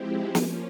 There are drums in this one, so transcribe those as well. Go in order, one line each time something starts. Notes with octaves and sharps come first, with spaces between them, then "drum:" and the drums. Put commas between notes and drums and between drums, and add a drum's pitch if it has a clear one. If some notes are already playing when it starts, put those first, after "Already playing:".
Already playing: F3 G#3 C4 E4 G4
F3 A#3 C#4 F4, drum: snare